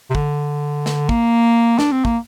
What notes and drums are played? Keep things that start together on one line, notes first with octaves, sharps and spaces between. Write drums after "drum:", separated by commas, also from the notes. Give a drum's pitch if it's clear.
C3
D3, drum: kick
drum: snare
A#3, drum: kick
D4, drum: snare
C4
A#3, drum: kick